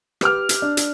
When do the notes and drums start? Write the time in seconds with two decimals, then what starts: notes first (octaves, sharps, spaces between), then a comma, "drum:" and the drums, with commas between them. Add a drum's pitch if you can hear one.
0.21 G4 B4 D6 F6, drum: rim click
0.49 drum: hi-hat
0.62 D4
0.77 drum: hi-hat